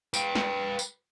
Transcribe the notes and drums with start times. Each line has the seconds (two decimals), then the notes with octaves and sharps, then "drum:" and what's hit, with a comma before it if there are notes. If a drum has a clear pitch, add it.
0.14 B4 G5, drum: tambourine
0.35 drum: snare
0.79 drum: tambourine